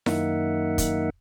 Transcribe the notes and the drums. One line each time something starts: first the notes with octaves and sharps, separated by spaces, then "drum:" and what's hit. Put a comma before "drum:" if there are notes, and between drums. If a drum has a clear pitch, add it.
F#2 D#3 A#3 D#4 E5 F#5, drum: snare E4
drum: kick, hi-hat